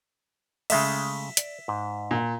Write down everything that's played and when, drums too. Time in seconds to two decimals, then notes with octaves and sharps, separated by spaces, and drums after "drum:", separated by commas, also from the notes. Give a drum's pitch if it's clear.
0.70 C#3 G#3 A3 E5, drum: cymbal
1.37 D5, drum: hi-hat
1.68 G#2
2.11 A#2